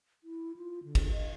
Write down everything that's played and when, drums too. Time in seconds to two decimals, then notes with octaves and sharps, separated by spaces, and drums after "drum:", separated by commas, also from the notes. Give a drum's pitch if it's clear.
0.24 E4
0.56 F4
0.84 D3
0.95 drum: kick, cymbal
1.12 D#5